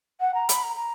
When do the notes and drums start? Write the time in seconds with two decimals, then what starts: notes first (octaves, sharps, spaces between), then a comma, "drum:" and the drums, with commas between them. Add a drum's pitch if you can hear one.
0.20 F#5
0.35 A#5
0.49 B5, drum: hi-hat
0.63 A#5
0.76 A#5